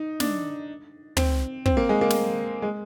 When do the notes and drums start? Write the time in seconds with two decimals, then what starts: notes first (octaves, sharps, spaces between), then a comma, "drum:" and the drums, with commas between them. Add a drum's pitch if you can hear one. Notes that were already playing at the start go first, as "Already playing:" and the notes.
Already playing: D#4
0.20 D4, drum: snare
1.17 C4, drum: tom
1.66 C4, drum: kick
1.77 A#3
1.89 G#3
2.01 A#3
2.10 drum: snare
2.62 G#3